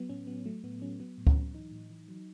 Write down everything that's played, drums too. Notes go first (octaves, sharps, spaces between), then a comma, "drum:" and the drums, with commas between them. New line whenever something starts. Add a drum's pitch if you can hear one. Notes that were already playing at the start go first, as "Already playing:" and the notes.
Already playing: F#3 B3
A2 C#4
F#3 B3
F#3 A3
A2 B3
F#3 C#4
F#3 B3
A2
C#4, drum: kick C#2
F#3
E3 D#4
A2
E3
F#3